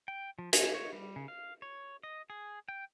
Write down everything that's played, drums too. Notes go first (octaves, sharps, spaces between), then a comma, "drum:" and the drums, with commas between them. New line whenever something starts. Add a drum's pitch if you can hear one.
G5
F3
G#5, drum: hi-hat
C#5
G3
C#3
F5
C#5
D#5
G#4
G5